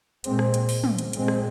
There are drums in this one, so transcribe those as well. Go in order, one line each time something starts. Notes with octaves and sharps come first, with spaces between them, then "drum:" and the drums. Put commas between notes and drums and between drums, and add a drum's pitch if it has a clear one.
A#2 G#3 C4, drum: hi-hat
drum: rim click
drum: hi-hat
drum: open hi-hat
drum: tom
drum: hi-hat
A#2 G#3 C4, drum: hi-hat
drum: rim click